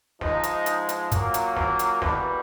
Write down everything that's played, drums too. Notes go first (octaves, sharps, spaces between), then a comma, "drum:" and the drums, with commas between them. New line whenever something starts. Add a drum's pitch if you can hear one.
G#2 F3 G#3 D#4, drum: snare
drum: hi-hat
drum: hi-hat
drum: hi-hat
A#2 F#3 A#3, drum: kick, hi-hat
drum: hi-hat
drum: snare
drum: hi-hat
E2 B2 G3 A#3 D4, drum: snare